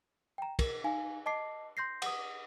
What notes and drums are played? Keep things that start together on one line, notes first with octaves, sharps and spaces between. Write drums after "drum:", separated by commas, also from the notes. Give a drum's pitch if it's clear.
G5 A#5
A#4, drum: kick, cymbal
D#4 F5 G#5
D#5 A5 D6 C7
C6 G6 A#6 C7
F#5 D#6, drum: cymbal